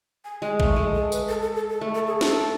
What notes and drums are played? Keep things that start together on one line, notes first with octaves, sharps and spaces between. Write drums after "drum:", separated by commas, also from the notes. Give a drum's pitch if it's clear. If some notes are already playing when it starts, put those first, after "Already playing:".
G#5
G#3 G#5
A3, drum: kick A1
G#3 A4
A4
B4, drum: tambourine
A4
A4
A4
A4
A3
A4
G#4
A4, drum: snare